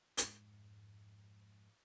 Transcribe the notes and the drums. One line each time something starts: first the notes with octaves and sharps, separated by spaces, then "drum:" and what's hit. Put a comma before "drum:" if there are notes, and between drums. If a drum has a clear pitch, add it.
F2 G#2, drum: hi-hat